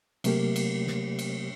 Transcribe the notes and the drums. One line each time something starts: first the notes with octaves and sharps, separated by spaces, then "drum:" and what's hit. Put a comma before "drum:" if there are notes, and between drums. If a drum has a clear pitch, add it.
C3 F#3 A3 A#3 G4 A#4, drum: cymbal
drum: cymbal
drum: snare
drum: cymbal